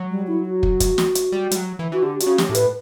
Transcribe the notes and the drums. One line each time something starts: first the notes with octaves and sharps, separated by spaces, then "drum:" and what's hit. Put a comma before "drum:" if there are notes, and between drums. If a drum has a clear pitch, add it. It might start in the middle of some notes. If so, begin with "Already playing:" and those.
Already playing: F#3
G3
E4
F#4
drum: kick
drum: kick, hi-hat
drum: snare
drum: hi-hat
G3
G3, drum: hi-hat
F#3
E3
E3 F#4
D3 G4
F#4, drum: hi-hat
C#3
G4, drum: snare
A2
B4, drum: hi-hat